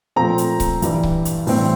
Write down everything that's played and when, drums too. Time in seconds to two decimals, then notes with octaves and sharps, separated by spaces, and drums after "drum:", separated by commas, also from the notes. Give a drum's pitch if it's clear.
0.16 A#2 F3 A3 C4 A#5
0.38 drum: hi-hat
0.60 drum: kick C#1, hi-hat
0.82 G2 E3 G3, drum: hi-hat
1.03 drum: kick C#1
1.25 drum: hi-hat
1.47 A2 E3 G3 C4, drum: open hi-hat